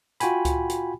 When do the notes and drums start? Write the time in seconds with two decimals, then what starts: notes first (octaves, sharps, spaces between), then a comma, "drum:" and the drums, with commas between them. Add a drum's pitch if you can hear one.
0.20 F4 F#4 G5 G#5 B5, drum: hi-hat
0.45 drum: kick C#2, hi-hat
0.70 drum: hi-hat